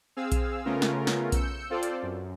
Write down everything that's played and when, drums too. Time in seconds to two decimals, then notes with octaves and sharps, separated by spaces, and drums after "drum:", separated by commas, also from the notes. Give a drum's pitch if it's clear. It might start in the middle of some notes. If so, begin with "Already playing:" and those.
0.17 C4 G#4 F5 E6
0.32 drum: kick B1, hi-hat
0.65 C#3 A3 B3 C#4 F4 A#4
0.82 drum: snare
1.07 drum: snare
1.32 E6 G6 C#7, drum: kick B1, hi-hat
1.70 C4 F4 A4 C5 D5
1.83 drum: hi-hat
2.03 F#2